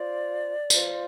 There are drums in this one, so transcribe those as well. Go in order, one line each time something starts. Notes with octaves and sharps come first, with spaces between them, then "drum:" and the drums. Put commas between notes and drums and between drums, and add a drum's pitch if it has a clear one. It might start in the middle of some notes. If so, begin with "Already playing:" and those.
Already playing: F4 C5 D5
F4 C5, drum: tambourine